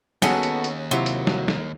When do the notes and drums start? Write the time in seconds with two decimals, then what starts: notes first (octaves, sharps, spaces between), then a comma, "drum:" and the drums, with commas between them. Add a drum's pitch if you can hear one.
0.22 D#2 B3 C#4 F#4 G#4 A4 F#5, drum: snare
0.43 drum: hi-hat
0.64 drum: hi-hat
0.91 C3 F#3 E4 F4
1.06 drum: hi-hat
1.27 drum: snare
1.48 drum: snare